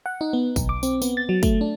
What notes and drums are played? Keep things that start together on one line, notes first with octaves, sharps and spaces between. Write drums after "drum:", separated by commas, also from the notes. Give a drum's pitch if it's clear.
F#5
D#4
B3
B1, drum: kick, tambourine
D6
C4, drum: tambourine
B3, drum: tambourine
A6
F#3
A3, drum: kick, tambourine
D4